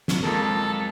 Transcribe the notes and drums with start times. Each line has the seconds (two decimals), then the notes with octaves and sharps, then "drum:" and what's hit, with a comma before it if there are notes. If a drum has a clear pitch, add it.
0.08 drum: snare
0.23 F2 G#3 A#3 A4